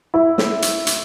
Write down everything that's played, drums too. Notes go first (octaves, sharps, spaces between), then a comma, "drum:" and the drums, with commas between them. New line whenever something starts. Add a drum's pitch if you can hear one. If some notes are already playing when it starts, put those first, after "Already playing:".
E4
drum: snare
drum: hi-hat
drum: hi-hat